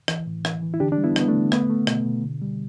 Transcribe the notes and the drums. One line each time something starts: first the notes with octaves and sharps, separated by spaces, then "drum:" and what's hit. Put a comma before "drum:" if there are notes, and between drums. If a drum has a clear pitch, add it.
E3, drum: rim click
A2
E3, drum: rim click
E3
E4
D3 D4 G4
D4
G3
B3 E4
G3 B3, drum: rim click
A3 D4
D3
A3 B3, drum: rim click
A3
B2, drum: rim click
B2
D3
G3